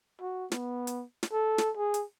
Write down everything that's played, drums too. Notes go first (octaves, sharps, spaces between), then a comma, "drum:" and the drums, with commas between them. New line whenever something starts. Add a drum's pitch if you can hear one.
F#4
B3, drum: snare
drum: hi-hat
drum: snare
A4
drum: snare
G#4
drum: hi-hat